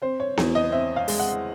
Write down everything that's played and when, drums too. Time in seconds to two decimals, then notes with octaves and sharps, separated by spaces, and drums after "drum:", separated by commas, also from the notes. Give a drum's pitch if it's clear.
0.02 C4 C5
0.20 C#5
0.37 E2, drum: snare B3
0.55 D#5
0.72 C4 E5
0.96 F5
1.08 G#3, drum: open hi-hat
1.19 F#5